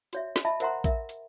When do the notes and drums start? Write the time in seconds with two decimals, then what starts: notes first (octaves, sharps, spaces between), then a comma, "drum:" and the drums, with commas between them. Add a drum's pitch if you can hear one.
0.13 F#4 C#5 E5, drum: hi-hat
0.36 drum: snare
0.45 D#5 E5 A5 B5
0.60 A#4 C5 E5 F#5 A#5 C6, drum: hi-hat
0.84 A#4 E5, drum: kick A#1, hi-hat
1.09 drum: hi-hat